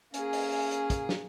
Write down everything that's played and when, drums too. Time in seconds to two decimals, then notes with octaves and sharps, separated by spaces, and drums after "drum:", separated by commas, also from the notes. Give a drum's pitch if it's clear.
0.14 A#3 C#4 G#4, drum: hi-hat
0.33 drum: open hi-hat
0.52 drum: open hi-hat
0.71 drum: hi-hat
0.90 drum: kick, hi-hat
1.09 drum: snare